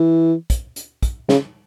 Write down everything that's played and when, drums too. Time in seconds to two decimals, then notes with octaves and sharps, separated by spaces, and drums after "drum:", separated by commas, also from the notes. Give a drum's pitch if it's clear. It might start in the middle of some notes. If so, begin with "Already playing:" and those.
Already playing: E3
0.50 drum: kick, hi-hat
0.76 drum: hi-hat
1.03 drum: kick, hi-hat
1.29 C#3, drum: snare